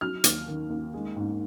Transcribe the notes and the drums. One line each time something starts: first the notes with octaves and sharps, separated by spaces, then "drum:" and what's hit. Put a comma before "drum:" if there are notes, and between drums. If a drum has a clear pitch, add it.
F#3 F6
D#2, drum: hi-hat
D#3
D#2
G#3
G#2